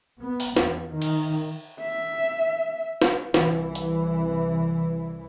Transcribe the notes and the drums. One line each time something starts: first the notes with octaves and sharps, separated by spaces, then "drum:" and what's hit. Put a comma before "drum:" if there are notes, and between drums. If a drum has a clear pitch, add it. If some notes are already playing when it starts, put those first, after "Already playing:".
B3
drum: open hi-hat
E2, drum: snare
D#3
drum: cymbal
E5
drum: snare
C2 E3, drum: snare
drum: hi-hat